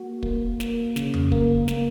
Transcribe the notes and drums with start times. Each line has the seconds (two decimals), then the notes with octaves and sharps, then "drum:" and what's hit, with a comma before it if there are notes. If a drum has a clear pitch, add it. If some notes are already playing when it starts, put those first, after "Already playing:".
Already playing: A#3 F#4
0.23 A#3, drum: kick
0.60 A#3, drum: snare
0.96 C#3, drum: snare
1.14 drum: tom F2
1.32 A#3, drum: kick
1.68 A#3, drum: snare